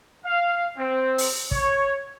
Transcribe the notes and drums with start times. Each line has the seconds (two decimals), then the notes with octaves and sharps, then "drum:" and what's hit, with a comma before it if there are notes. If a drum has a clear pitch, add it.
0.25 F5
0.78 C4
1.18 drum: open hi-hat
1.51 C#5, drum: kick